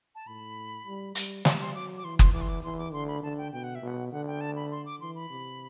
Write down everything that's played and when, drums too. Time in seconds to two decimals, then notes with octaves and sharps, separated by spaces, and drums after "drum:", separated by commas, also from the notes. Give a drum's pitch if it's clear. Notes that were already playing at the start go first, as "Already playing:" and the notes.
0.15 A5
0.26 A2 B5
0.86 G3
1.15 G3, drum: hi-hat
1.45 G3 C6, drum: snare
1.60 C6
1.75 F#3 D6
1.97 D6
2.04 E3 C6
2.19 C6, drum: kick F#1
2.34 E3 D6
2.41 C6
2.49 D6
2.64 E3 C6
2.78 D6
2.93 D3 C6
3.08 B5
3.23 D3 A5
3.38 G5
3.53 B2 G5
3.64 F#5
3.75 E5
3.82 B2 F#5
4.12 D3 F#5
4.27 G5
4.41 A5
4.56 B5
4.71 C6
4.86 D6
5.00 E3 C6
5.15 B5
5.30 C3